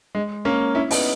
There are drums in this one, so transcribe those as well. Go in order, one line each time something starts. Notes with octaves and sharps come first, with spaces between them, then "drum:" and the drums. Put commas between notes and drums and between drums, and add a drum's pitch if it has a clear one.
G#3
A#3 C#4
C#4 E4
B3 D#4, drum: open hi-hat